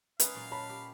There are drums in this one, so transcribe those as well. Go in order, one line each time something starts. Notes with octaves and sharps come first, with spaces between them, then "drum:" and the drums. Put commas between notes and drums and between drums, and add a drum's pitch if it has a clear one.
G#3 C#4 D#4 B4 F5, drum: hi-hat
A#2 F#3
F#4 C#5 A5 B5
G4